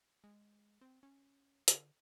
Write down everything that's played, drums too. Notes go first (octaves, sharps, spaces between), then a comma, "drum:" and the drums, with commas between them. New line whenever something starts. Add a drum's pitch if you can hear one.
G#3
C4
C#4
D3, drum: hi-hat